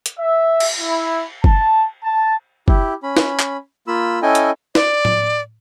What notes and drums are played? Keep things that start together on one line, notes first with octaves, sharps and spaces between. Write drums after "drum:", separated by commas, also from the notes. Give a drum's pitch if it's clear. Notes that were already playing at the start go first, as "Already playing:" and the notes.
drum: hi-hat
E5
drum: cymbal
E4
A5, drum: kick
A5
E4 G4, drum: kick
C#4 B5
drum: snare
drum: clap
A#3 F4 B5 E6
C#4 E4 A4 D#5 G5 G#5
drum: hi-hat
D5, drum: snare
drum: tom A2